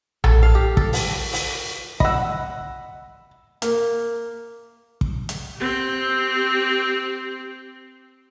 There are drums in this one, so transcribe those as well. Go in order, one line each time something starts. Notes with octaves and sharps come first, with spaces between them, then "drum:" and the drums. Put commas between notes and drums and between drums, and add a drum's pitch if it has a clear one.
A4, drum: tom A#1
F5
G4
A4, drum: kick
drum: open hi-hat
drum: open hi-hat
D#5 F#5 B5 E6, drum: kick
A#3, drum: hi-hat
drum: kick
drum: hi-hat
C4 G4